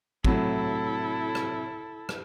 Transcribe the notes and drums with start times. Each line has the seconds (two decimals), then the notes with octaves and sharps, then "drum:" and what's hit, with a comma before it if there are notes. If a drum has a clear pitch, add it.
0.25 A2 C3 F#3 E4 A4, drum: kick
1.35 drum: rim click
2.09 drum: rim click